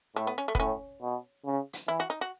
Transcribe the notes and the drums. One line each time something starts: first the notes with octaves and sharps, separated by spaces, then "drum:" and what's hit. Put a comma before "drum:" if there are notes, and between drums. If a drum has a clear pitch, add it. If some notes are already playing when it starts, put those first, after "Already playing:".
A2 A3
B3
C#4
A3
B3, drum: kick F1
A2 C#4
B2
C#3
drum: hi-hat
E3 E4
F#4
D#4
F#4